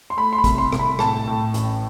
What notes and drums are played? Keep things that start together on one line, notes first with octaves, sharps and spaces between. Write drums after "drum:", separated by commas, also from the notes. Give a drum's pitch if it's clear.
C6
A3 B5
C6
B5
C2, drum: kick, hi-hat
C6
C2, drum: rim click
B5
A2 A5, drum: rim click
A2
A1, drum: hi-hat